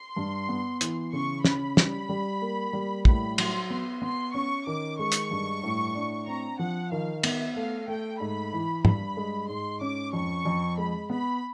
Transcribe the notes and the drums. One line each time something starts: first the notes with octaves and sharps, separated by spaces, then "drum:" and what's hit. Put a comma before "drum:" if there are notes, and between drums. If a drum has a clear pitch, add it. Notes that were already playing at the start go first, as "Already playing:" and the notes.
Already playing: C6
G2
B3
E3, drum: hi-hat
C#3 C#6
C#4 B5, drum: snare
G3, drum: snare
G3
A#3
G3
A2 B5, drum: kick
F#3 C6, drum: cymbal
B3 C6
B3 C6
C#4 C#6
D#3 D6
G#3 C#6
drum: hi-hat
G2
A2
D4
C4 A#5
F3 F#5
D#3 F5
B3 E5, drum: cymbal
A3 F5
A3 G5
G#2 B5
E3
G2 B5, drum: tom
G#3
G#2 C6
C#4 D6
F2 C#6
F2
G#3 B5
B3 B5